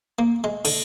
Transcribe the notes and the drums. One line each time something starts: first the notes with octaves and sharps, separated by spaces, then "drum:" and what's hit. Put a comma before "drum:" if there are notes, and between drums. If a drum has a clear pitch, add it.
A#3
G#3
D3, drum: cymbal